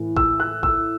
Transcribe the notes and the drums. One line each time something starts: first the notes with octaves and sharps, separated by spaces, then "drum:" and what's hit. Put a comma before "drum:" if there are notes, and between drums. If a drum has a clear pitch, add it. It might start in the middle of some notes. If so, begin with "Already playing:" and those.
Already playing: A2 E3
E6, drum: kick G#1
F#6
E6, drum: kick G#1